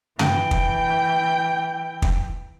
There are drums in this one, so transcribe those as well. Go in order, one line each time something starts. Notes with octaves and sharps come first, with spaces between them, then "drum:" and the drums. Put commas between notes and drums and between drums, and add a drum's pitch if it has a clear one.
E3 G5, drum: tom
drum: kick
drum: kick